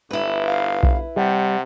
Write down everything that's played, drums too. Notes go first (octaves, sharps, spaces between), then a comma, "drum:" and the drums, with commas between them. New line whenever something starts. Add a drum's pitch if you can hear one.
G1 E4 B4
F5
drum: kick B1
C3 G3 F#5